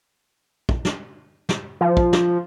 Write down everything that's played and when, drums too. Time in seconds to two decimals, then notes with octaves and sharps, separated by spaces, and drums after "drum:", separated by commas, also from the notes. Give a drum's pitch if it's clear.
0.69 drum: kick
0.85 drum: snare
1.49 drum: snare
1.81 F3
1.97 drum: kick
2.13 drum: snare